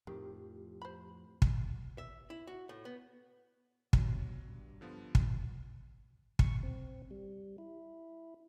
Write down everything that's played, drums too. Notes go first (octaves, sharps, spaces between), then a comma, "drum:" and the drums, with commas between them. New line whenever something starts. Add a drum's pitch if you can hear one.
F2 A2 D#3 F3 G4
C5 B5
drum: kick
E5
E4
F#4
A2
B3
G2 B2 F#3, drum: kick
G2
D3 F3 B3
drum: kick
C#6, drum: kick
C4
G3
E4